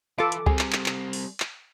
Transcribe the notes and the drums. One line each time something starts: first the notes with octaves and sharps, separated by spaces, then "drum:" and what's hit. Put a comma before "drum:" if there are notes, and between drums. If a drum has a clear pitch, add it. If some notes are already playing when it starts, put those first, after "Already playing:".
E3 F4 A4 B4 D6
drum: hi-hat
G3 C4 G#4, drum: kick C#2
drum: clap
drum: clap
drum: clap
drum: open hi-hat
drum: clap